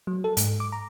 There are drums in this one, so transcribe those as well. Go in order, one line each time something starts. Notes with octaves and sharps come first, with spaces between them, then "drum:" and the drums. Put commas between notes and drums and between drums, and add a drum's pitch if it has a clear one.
F#3
A4
G#2, drum: hi-hat
D6
A#5